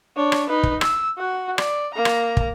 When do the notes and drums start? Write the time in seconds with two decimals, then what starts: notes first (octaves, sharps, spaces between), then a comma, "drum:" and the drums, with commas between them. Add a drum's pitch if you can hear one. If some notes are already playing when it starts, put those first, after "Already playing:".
0.16 D4 C#5
0.32 drum: rim click
0.49 D#4 B4
0.63 drum: kick
0.81 E6, drum: rim click
1.18 F#4 F#5
1.58 D5, drum: rim click
1.94 A#3 A#5
2.05 drum: rim click
2.37 drum: kick